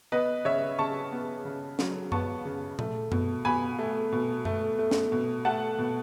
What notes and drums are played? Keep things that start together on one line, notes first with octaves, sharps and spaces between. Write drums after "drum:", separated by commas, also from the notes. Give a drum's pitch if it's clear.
B3 B4 D#5
C#3 C#5 E5
C#3 A5 C#6
B3
C#3
F#3, drum: snare
B3 A5 C#6, drum: tom F#2
C#3
A3, drum: tom A#2
B2, drum: tom F#2
B2 G#5 B5
A3
B2
A3, drum: tom F#2
A3
drum: snare
B2
A3 F#5 A5
B2